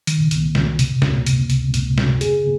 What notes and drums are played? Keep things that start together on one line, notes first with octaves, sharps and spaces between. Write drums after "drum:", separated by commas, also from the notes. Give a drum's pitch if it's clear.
D#3, drum: hi-hat
C2, drum: hi-hat
C2, drum: snare
C3, drum: hi-hat
C#2, drum: snare
C3, drum: hi-hat
C#2, drum: hi-hat
C#2, drum: hi-hat
C3, drum: snare
G#4, drum: hi-hat